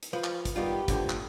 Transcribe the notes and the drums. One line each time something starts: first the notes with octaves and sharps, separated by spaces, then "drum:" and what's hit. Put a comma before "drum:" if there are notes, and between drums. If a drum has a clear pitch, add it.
drum: hi-hat
F3 B4
drum: clap
drum: kick, hi-hat
D#3 G3 B3 F4 G4
A2 D3 F3, drum: kick, hi-hat
drum: clap